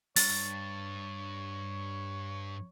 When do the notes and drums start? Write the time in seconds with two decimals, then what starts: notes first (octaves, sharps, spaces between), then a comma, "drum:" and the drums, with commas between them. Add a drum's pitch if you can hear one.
0.16 G2 C#5 A6, drum: open hi-hat